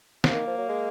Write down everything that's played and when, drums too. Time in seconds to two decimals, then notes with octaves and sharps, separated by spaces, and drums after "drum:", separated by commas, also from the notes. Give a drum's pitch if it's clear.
0.24 C3 A#3, drum: snare
0.35 D#3
0.47 F3
0.58 F#3
0.69 G#3